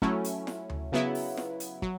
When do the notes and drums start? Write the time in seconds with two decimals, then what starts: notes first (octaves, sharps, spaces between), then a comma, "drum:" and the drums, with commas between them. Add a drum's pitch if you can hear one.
0.02 F#3 A3 C#4 E4, drum: kick
0.24 drum: hi-hat
0.47 drum: snare
0.70 drum: tom D2
0.92 C#3 F#3 B3 E4
1.15 drum: open hi-hat
1.37 drum: snare
1.60 drum: hi-hat
1.82 F#3, drum: kick